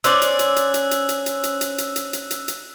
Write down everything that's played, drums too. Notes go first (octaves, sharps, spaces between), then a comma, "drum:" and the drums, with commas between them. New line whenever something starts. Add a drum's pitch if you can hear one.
C#4 C5 D5 E6 F#6, drum: hi-hat
drum: hi-hat
drum: hi-hat
drum: hi-hat
drum: hi-hat
drum: hi-hat
drum: hi-hat
drum: hi-hat
drum: hi-hat
drum: hi-hat
drum: hi-hat
drum: hi-hat
drum: hi-hat
drum: hi-hat
drum: hi-hat